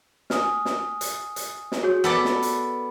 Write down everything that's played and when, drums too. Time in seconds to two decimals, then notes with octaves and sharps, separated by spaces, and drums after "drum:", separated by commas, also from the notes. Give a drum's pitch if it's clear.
0.30 G#5 D#6 F6, drum: snare
0.65 drum: snare
1.01 drum: hi-hat
1.36 drum: hi-hat
1.72 drum: snare
1.83 F#4 G#4 C#5
2.04 B3 A4 D5
2.25 drum: snare
2.42 drum: hi-hat